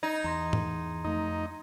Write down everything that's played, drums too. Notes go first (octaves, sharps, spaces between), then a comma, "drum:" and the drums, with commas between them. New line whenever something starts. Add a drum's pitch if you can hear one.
D#4 G#6 A#6 D#7
E2 A#5 C6 A#6
drum: tom G#2
F2 A3 D#4